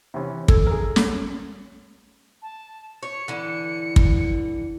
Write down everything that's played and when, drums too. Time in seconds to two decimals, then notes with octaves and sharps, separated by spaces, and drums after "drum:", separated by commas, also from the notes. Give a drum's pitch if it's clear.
0.14 C3 E3 C#4
0.48 A4 E6 G#6, drum: kick
0.67 G#4 A#4
0.96 C#4, drum: snare
2.42 A5
3.03 C#5 C#7
3.28 D3 E3
3.96 drum: kick